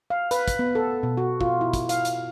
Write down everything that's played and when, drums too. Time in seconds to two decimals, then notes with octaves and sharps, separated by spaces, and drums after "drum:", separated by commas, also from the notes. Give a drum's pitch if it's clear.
0.10 F5
0.31 B4, drum: hi-hat
0.48 drum: kick, hi-hat
0.59 B3
0.75 A4
1.03 B2
1.17 F#4
1.41 F4, drum: kick
1.61 E4
1.74 drum: kick, hi-hat
1.89 F5, drum: hi-hat
2.05 drum: hi-hat